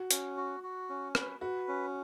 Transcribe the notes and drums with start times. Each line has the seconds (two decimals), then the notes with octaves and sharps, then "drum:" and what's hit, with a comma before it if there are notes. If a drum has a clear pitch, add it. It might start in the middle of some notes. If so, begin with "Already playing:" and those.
Already playing: F#4
0.11 C#4, drum: hi-hat
0.37 F#4
0.63 F#4
0.90 C#4
1.15 B4, drum: rim click
1.41 F#4 B4
1.68 C#4